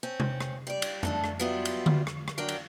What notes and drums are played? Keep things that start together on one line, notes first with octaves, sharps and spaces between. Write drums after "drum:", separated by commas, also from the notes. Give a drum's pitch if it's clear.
C4 C#4
drum: tom C3
drum: rim click
G3 D5
drum: cymbal
A3 D4 A4, drum: tom F2
drum: rim click
F#3 G3 B3 E4 F4
drum: cymbal
drum: tom D3
drum: rim click
drum: rim click
F#3 D4 A#4 G5
drum: cymbal